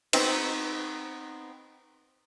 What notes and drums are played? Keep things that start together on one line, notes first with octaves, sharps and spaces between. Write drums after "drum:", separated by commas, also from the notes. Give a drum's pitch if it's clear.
B3 C4 D#4, drum: cymbal